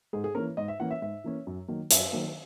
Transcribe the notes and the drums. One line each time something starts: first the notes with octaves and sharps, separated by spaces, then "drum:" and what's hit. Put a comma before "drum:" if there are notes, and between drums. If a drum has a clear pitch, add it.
G#2 G#4
G#4
E3 A#3 C#4 A#4
G#2 D#5
E5
E3 A#3 C#4 F#5
E5
G#2 E5
E3 A#3 C#4
F#2
D#3 F#3 A#3
F#2 E5, drum: hi-hat
D#3 F#3 A#3